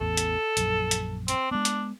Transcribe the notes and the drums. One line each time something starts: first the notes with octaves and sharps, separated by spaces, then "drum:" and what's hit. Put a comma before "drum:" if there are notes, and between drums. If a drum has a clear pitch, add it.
A1 E2 A4
drum: hi-hat
A#1 F#2, drum: hi-hat
drum: hi-hat
C4, drum: hi-hat
G#3 B3 D4
drum: hi-hat